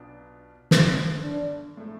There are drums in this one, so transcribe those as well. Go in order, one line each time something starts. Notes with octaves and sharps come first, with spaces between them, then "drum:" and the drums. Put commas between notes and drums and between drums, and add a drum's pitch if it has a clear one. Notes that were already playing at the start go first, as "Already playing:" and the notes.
Already playing: B1 B2 B3 D4 F4
G1 G2 D3, drum: snare
D4
A2 F3 A3